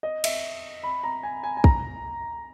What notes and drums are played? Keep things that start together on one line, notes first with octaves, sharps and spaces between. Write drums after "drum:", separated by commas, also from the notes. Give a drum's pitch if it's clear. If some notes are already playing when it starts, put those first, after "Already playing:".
D#5
E5, drum: cymbal
B5
A#5
G#5
G#5
G#5
A#5, drum: kick